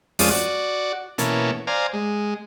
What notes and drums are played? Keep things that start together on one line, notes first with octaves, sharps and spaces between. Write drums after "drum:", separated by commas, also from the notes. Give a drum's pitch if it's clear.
F2 F3 G#3 C#4 D5 D#6, drum: open hi-hat
F#4 D5
B2 E3 A#3 C#4 A4, drum: hi-hat
C5 D5 F5 G#5 A#5
G#3